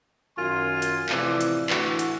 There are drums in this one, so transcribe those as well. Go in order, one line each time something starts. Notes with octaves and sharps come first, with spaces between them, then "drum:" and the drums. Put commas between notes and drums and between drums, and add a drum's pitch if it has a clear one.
F#2 D#3 F4 G#5 C6
drum: hi-hat
A2 C3 E3 F3 D5, drum: clap
drum: hi-hat
A2 D3 E3 F#4, drum: clap
drum: hi-hat